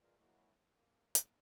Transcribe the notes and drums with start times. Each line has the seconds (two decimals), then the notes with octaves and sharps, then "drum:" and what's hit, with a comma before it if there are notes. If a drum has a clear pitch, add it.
0.02 F4 G#4 A#4 B4 D5 D#5
0.18 F#3 G#3 A#3 E4 F#4
0.74 A#3
1.15 drum: hi-hat